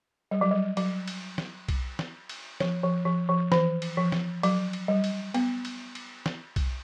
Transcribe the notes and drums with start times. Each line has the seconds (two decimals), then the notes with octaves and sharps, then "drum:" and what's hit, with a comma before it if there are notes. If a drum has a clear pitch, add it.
0.31 G3
0.41 F#3
0.51 G3
0.77 F#3, drum: cymbal
1.08 drum: cymbal
1.38 drum: snare
1.68 drum: kick B1, cymbal
1.99 drum: snare
2.29 drum: cymbal
2.60 F3, drum: snare
2.83 F3
3.05 F3
3.29 F3
3.52 E3, drum: snare
3.82 drum: cymbal
3.97 F3
4.12 drum: snare
4.43 F#3, drum: cymbal
4.73 drum: cymbal
4.88 G3
5.04 drum: cymbal
5.34 B3, drum: cymbal
5.65 drum: cymbal
5.95 drum: cymbal
6.26 drum: snare
6.56 drum: kick B1, cymbal